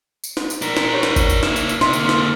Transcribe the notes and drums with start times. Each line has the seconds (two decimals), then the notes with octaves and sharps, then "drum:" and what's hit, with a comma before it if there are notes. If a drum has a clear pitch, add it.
0.24 drum: tambourine
0.37 drum: snare
0.50 drum: tambourine
0.62 D4 A#4, drum: tambourine
0.77 drum: snare
0.93 G4 C5 C#5
1.03 drum: snare
1.16 drum: kick G1, tambourine
1.30 drum: tambourine
1.43 A#3 E4, drum: snare
1.56 drum: tambourine
1.69 drum: tambourine
1.81 C3 D#5 E5 C6, drum: snare
1.93 D3 A#3, drum: tambourine
2.09 drum: snare